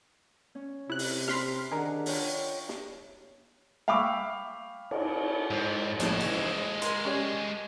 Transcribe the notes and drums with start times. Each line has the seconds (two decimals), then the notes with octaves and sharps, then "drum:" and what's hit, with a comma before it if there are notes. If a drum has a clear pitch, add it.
0.55 C#4
0.90 C3 E4 F#6
0.99 drum: open hi-hat
1.28 B5 C6 F6, drum: snare
1.71 D#3 D4 G#4 A#4 F#5
2.06 F4 C#5 G5, drum: open hi-hat
2.69 drum: snare
3.88 F5 G5 B5 C#6 D6 E6
4.91 drum: cymbal
5.50 G#2
6.00 A#1 A2 G#3 A4, drum: hi-hat
6.20 C#3 E3, drum: cymbal
6.82 A#4 C6, drum: hi-hat
7.05 C#4 G4 D5